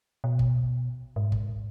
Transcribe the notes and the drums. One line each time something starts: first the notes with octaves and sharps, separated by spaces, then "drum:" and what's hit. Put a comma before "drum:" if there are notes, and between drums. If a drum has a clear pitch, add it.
B2
drum: kick
G#2
drum: kick